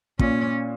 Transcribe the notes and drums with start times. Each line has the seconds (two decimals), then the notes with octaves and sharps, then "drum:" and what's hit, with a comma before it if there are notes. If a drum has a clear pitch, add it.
0.19 A#2 C#4, drum: kick